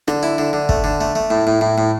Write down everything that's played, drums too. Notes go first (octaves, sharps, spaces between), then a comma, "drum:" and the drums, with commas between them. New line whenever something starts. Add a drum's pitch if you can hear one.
D3, drum: rim click
E4
D3
D3
A3, drum: kick
D3
A3
A3
A2
A2
A2
A2